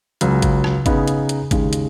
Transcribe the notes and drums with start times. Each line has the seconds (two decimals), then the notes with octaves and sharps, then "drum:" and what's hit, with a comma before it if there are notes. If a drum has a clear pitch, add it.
0.21 C#2 C#3 F#3, drum: hi-hat
0.42 drum: kick, hi-hat
0.64 drum: rim click
0.86 C#3 B3 D#4 G#4, drum: kick, hi-hat
1.08 drum: hi-hat
1.29 drum: hi-hat
1.51 D#2 C#3 G#3, drum: kick, hi-hat
1.73 drum: hi-hat